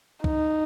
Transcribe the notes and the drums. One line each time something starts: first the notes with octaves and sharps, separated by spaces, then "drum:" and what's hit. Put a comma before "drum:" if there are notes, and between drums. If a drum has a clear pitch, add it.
D#4, drum: kick